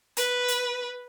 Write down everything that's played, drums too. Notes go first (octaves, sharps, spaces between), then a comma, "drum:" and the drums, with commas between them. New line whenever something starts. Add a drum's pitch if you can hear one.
B4, drum: hi-hat
drum: hi-hat